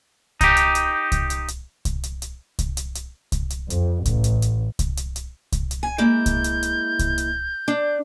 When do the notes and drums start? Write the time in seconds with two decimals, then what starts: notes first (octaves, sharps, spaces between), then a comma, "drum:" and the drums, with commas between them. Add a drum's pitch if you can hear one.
0.41 D#4 G4, drum: kick C2, hi-hat
0.57 drum: hi-hat
0.75 drum: hi-hat
1.12 drum: kick C2, hi-hat
1.30 drum: hi-hat
1.48 drum: hi-hat
1.85 drum: kick C2, hi-hat
2.03 drum: hi-hat
2.22 drum: hi-hat
2.59 drum: kick C2, hi-hat
2.77 drum: hi-hat
2.95 drum: hi-hat
3.32 drum: kick C2, hi-hat
3.50 drum: hi-hat
3.70 F2, drum: hi-hat
4.05 A1, drum: kick C2, hi-hat
4.24 drum: hi-hat
4.42 drum: hi-hat
4.79 drum: kick C2, hi-hat
4.97 drum: hi-hat
5.16 drum: hi-hat
5.52 drum: kick C2, hi-hat
5.71 drum: hi-hat
5.83 G#5
5.98 G#3 A#3 E4 G6
6.26 drum: kick C2, hi-hat
6.44 drum: hi-hat
6.63 drum: hi-hat
6.99 drum: kick C2, hi-hat
7.18 drum: hi-hat
7.68 D4